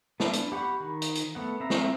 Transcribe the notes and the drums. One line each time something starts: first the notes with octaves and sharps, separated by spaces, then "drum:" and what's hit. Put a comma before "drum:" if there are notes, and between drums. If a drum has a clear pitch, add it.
B3 D4, drum: snare
drum: hi-hat
G4 F#5 B5 C#6
D#3
drum: hi-hat
drum: hi-hat
A3 B3 F#5
C4 E5 A#5
drum: snare